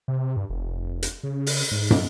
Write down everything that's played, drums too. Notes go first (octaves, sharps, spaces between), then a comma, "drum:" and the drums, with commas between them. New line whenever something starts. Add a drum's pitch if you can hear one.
C3
G2
F1
drum: hi-hat
C#3
drum: open hi-hat
G#2
drum: tom